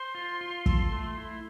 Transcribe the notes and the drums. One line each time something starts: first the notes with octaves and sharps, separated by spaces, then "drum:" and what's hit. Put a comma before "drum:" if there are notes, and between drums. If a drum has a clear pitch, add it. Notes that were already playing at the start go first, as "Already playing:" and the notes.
Already playing: C5 C6
F4
F4
A4, drum: kick
A3
E4